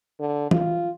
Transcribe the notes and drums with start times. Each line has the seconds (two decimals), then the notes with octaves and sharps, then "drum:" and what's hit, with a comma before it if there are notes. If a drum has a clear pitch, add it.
0.20 D3
0.51 F4, drum: tom E3